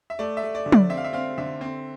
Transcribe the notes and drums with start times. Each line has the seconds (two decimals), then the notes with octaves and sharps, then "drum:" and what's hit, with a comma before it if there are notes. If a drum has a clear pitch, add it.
0.10 E5
0.19 A3 D5
0.37 E5
0.43 A3
0.55 D5
0.66 D3
0.72 D5, drum: tom
0.89 C4 E5
0.97 F5
1.04 E5
1.13 C4 F5
1.38 D3 E5
1.61 C4